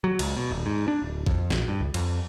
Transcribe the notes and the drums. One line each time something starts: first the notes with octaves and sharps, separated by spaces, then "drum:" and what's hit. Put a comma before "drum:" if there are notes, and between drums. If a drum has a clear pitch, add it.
F#3
C#2, drum: cymbal
B2
D#1
G#2
D4
D1
F2, drum: kick A1
A#1, drum: snare
G2
C#2
F2, drum: cymbal